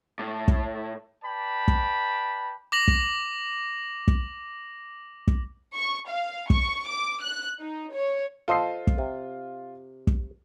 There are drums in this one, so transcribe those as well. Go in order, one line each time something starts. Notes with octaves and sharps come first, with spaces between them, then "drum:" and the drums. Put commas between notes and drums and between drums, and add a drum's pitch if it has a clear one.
A2
drum: kick
B4 D5 G5 A5 B5
drum: kick
D6 A#6 F#7
drum: kick
drum: kick
drum: kick
C#6
F5
C#6, drum: kick
D6
F#6
D#4
C#5
F4 A4 C5 D#5 C7
drum: kick
C3
drum: kick